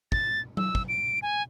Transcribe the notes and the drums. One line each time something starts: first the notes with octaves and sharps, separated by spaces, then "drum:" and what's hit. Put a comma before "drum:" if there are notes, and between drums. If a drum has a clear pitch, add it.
A6, drum: kick
E6, drum: tom F#3
drum: kick
D7
G#5